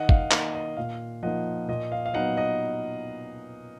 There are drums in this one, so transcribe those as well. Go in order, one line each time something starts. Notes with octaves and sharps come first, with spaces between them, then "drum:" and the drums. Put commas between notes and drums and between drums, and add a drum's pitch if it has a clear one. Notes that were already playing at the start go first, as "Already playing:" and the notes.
Already playing: D#3 D#5 F#5
F5, drum: kick G1
A#3 D#4 D#5, drum: clap
D#5
A#2 F5
F3 A#3 D#4 D#5 F#5
A#2 D#5
F5
F5
F#3 B3 D#4 D#5 F#5
D#5